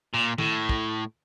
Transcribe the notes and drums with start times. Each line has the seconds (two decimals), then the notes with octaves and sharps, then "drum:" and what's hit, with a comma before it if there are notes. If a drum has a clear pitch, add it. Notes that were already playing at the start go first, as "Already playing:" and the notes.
0.14 A#2
0.38 A2, drum: tom
0.69 drum: kick